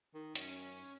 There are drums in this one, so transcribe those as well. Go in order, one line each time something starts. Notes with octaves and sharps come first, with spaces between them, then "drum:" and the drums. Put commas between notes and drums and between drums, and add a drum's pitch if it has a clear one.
D#3
F#2 C#4, drum: hi-hat